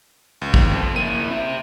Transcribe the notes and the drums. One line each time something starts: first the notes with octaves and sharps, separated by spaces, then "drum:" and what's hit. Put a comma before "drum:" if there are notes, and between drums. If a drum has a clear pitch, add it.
C#2
D#2, drum: kick
F2 C4
A#3 E4 D#7
C4 E5